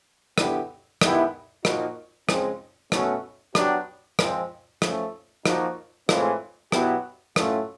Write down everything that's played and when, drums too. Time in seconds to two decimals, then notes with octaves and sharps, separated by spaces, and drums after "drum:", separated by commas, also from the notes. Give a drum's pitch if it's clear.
0.38 D3 F#3 B3 E4 G4, drum: rim click
1.01 D#3 G#3 B3 E4 G4, drum: rim click
1.65 A#2 F3 A#3 D#4 F#4, drum: rim click
2.29 C#3 F3 G#3 C4, drum: rim click
2.92 B2 F#3 A3 C#4, drum: rim click
3.55 F#3 B3 D4 G4, drum: rim click
4.19 F3 G#3 C4, drum: rim click
4.82 F3 A3 C#4, drum: rim click
5.46 F3 A#3 D#4 F#4, drum: rim click
6.09 A2 E3 G#3 C4 F4, drum: rim click
6.72 B2 F#3 B3 E4 G4, drum: rim click
7.36 A2 F#3 A3 C#4 F4, drum: rim click